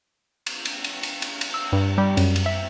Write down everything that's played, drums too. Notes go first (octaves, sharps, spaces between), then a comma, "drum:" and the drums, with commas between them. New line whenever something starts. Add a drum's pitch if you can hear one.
drum: cymbal
drum: cymbal
drum: cymbal
drum: cymbal
drum: cymbal
drum: cymbal
E6
G2
G3
F#2, drum: cymbal
drum: cymbal
E5